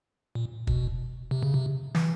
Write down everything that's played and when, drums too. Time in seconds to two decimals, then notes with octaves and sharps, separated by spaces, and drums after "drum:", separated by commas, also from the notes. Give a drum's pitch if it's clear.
0.35 A#2
0.67 B2, drum: kick
1.31 C3
1.43 C#3
1.54 C3
1.95 E3, drum: snare